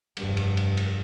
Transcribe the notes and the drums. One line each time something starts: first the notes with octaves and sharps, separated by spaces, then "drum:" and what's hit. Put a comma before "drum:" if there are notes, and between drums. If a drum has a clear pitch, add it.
F1 G2, drum: cymbal
drum: cymbal
drum: cymbal
drum: cymbal